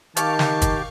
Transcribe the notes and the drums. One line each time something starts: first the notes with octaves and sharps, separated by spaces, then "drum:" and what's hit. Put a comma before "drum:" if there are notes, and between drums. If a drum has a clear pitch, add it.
D#3 G4 F5 A5 C#6 D6, drum: hi-hat
drum: snare
drum: kick, hi-hat